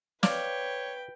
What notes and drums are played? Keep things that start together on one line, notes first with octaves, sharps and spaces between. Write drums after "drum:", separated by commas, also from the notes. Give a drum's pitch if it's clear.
B4 C#5 D5 F5 G5, drum: snare